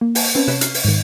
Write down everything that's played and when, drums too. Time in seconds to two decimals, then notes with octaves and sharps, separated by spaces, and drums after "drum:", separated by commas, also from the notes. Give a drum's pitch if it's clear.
0.01 A#3
0.15 F#5 G#5 A5, drum: open hi-hat
0.35 C4 C#4 B4 A5
0.48 C3 B4 C#5 F#6 G#6 E7, drum: snare
0.61 F6 C7, drum: hi-hat
0.74 drum: open hi-hat
0.85 G#2 D#3